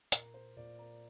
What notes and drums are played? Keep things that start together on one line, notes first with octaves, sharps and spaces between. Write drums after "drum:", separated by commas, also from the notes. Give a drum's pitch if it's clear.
A#2 A#4, drum: hi-hat
C5
A#2 D5
A#4